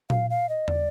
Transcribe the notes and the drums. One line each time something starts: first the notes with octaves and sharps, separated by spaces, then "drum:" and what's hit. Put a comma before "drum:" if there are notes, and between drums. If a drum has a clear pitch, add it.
F5, drum: tom A#2
F5
D#5
D5, drum: tom